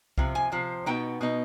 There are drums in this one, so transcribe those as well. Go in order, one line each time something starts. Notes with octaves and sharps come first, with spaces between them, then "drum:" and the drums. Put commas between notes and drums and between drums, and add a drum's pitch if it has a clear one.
C3 F3, drum: kick C2
G#5
C3 F3
B2 B3 D#4 G5
B2 B3 D#4